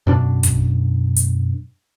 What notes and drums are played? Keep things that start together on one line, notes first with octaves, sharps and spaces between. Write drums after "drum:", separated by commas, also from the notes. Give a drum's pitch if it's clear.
F#2 B2 D4
drum: kick, hi-hat
drum: hi-hat